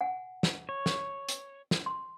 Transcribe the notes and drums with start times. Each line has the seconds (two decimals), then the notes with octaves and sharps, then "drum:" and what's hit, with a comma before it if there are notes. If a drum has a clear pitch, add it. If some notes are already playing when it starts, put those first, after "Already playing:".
0.01 F#5 G#5
0.43 drum: snare
0.69 C#5
0.86 drum: snare
1.29 drum: hi-hat
1.71 drum: snare
1.86 C6